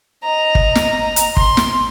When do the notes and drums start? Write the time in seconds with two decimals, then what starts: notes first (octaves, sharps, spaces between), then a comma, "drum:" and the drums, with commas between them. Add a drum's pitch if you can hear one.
0.24 D#5 A#5
0.55 drum: kick
0.75 drum: snare
1.16 drum: hi-hat
1.37 C6, drum: kick
1.57 drum: snare